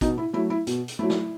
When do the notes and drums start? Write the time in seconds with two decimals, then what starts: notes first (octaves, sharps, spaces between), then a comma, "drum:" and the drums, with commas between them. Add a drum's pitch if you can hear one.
0.01 B2 D#4, drum: kick, hi-hat
0.18 E4
0.33 F#3 A3 E4
0.50 E4
0.67 B2, drum: hi-hat
0.88 drum: hi-hat
0.99 F#3 A3 E4
1.10 drum: snare